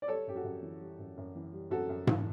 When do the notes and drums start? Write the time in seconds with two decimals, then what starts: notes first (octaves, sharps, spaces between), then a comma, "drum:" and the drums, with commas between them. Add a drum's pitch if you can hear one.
0.02 D5
0.08 G3 A4 C#5
0.27 F#2 G4
0.36 F#4 A4
0.44 F#2
0.62 E3
0.80 G3
0.99 F#2
1.17 F#2
1.35 E3
1.52 G3
1.70 F#2 F#4 A4
1.89 F#2
2.07 E3, drum: tom G#2